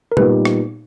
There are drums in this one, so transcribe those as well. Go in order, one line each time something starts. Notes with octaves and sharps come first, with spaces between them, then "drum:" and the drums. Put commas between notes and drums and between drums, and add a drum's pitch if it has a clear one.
A#4
A#2 G3 B3 D#4 G4 B4, drum: tom
drum: rim click